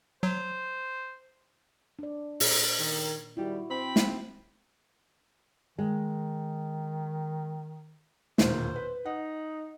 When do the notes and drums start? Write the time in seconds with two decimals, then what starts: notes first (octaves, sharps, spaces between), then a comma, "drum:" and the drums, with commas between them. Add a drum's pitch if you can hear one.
0.23 F#3 C5
1.99 D4 D5
2.40 A#2, drum: open hi-hat
2.80 D#3
3.37 D#3 G3 E4 F#4
3.70 C4 B5
3.96 drum: snare
5.79 D#3 G#3
8.38 E1 D#2 A#2 C5, drum: snare
8.76 B4
9.06 D#4 F#5